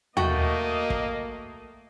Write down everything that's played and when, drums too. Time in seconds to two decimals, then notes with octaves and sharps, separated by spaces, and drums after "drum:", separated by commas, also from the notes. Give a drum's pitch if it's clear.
0.17 A3 A#3 F#4 D#5 G5, drum: tom
0.90 drum: kick